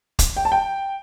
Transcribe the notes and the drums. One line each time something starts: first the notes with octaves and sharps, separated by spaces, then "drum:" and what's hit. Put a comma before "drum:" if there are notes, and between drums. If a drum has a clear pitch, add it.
drum: kick, hi-hat
G5
A5
G5